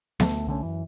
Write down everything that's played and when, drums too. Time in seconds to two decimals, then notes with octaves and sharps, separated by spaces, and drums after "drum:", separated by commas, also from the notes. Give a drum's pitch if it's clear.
0.20 D2 A3, drum: snare B3
0.47 C2 D3 A3 C#4
0.62 F#2 E3